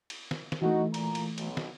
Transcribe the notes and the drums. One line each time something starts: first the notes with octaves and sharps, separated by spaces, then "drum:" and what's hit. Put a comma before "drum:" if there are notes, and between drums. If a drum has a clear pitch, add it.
drum: cymbal
drum: snare
drum: snare
E3 A3 D#4 F#4
A#2 A#5, drum: cymbal
drum: cymbal
B1, drum: cymbal
drum: snare